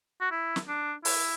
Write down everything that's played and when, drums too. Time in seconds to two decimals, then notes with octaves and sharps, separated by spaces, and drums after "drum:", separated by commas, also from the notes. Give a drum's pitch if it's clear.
0.21 F#4
0.31 E4
0.56 drum: snare
0.68 D4
1.05 E4, drum: open hi-hat